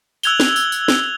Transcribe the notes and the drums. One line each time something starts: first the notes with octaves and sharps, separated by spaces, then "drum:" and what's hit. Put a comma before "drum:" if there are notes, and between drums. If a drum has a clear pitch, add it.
E6 F#6 G#6 F7 G7, drum: tambourine
drum: snare
drum: tambourine
drum: tambourine
drum: snare